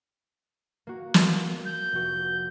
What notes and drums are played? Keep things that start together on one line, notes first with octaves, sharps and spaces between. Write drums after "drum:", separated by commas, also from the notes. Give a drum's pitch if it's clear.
A#3 F#4
drum: snare
G6
F1 F#4